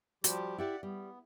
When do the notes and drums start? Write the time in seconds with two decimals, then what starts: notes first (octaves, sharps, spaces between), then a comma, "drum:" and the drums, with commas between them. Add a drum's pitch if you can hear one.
0.24 F3 G3 F#4 G4, drum: hi-hat
0.58 E4 G4 D5 E5 F#5
0.83 G3 B3